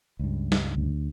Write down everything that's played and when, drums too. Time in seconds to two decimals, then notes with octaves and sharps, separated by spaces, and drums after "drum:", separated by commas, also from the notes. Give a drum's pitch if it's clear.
0.19 C#2 G2
0.52 drum: snare
0.77 D2